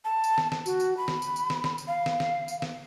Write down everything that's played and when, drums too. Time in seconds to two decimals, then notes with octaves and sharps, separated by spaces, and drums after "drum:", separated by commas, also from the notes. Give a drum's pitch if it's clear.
0.05 A5
0.24 drum: tambourine
0.38 drum: snare
0.52 drum: snare
0.66 F#4, drum: tambourine
0.80 drum: tambourine
0.97 B5
1.08 drum: snare
1.22 drum: tambourine
1.36 drum: tambourine
1.50 drum: snare
1.64 drum: snare
1.78 drum: tambourine
1.88 F5
2.06 drum: snare
2.20 drum: snare
2.48 drum: tambourine
2.62 drum: snare